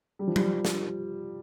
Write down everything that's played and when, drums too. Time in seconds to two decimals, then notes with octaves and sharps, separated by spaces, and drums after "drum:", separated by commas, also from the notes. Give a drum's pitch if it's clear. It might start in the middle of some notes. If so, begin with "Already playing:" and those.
0.19 G3
0.27 F3
0.36 G3, drum: tom F#3
0.65 drum: snare